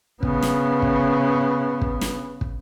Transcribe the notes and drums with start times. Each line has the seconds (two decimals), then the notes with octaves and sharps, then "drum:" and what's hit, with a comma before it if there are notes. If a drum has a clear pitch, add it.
0.23 C#3 B3, drum: kick
0.42 drum: snare
0.82 drum: kick
1.81 drum: kick
2.01 drum: snare
2.41 drum: kick